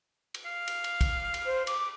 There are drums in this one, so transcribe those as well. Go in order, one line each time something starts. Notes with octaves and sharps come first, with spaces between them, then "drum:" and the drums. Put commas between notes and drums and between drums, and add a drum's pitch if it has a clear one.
drum: cymbal
F5
drum: cymbal
drum: cymbal
drum: kick, cymbal
drum: cymbal
C5
D6, drum: cymbal